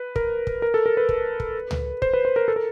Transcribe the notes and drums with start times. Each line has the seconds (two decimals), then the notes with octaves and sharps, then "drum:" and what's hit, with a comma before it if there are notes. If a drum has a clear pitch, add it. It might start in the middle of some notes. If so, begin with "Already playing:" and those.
Already playing: B4
0.16 A#4, drum: kick
0.47 drum: kick
0.62 A#4
0.74 A4
0.86 A#4
0.97 B4
1.09 drum: kick
1.40 drum: kick
1.71 drum: tom C#2
2.02 C5, drum: kick
2.14 B4
2.25 C5
2.36 A#4
2.48 A4
2.56 A#4